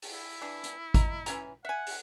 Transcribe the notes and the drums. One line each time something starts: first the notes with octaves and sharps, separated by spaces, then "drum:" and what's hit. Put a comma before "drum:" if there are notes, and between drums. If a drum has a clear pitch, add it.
drum: open hi-hat
E4
E3 D4
drum: hi-hat
D#5 A#5, drum: kick G#1, hi-hat
E3 C#4 A#5, drum: hi-hat
E5 F#5 G#5
drum: open hi-hat